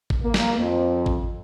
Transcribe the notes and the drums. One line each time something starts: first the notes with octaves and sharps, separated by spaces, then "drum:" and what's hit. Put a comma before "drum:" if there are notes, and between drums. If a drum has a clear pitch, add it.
drum: kick G#1
A#3
drum: snare
F2
drum: kick G#1